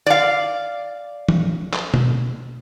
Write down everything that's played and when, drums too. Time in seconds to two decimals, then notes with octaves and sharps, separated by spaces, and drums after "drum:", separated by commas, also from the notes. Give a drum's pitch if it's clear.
0.07 D5 F5
1.29 drum: tom E3
1.73 drum: clap
1.94 drum: tom B2